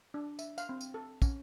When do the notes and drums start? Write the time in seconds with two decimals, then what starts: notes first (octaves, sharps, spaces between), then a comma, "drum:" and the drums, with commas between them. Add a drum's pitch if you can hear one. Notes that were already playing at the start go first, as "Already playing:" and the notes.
0.14 D4
0.39 E5, drum: tambourine
0.58 F5, drum: tambourine
0.69 C4
0.81 drum: tambourine
0.94 A4
1.22 C#4, drum: kick, tambourine